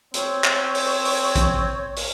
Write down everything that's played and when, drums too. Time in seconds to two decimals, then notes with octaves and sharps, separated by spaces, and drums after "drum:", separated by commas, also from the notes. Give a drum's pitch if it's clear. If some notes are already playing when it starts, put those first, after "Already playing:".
0.14 C4 C#5, drum: hi-hat
0.44 drum: clap
0.75 drum: open hi-hat
1.05 drum: open hi-hat
1.35 drum: kick A1, hi-hat
1.96 drum: open hi-hat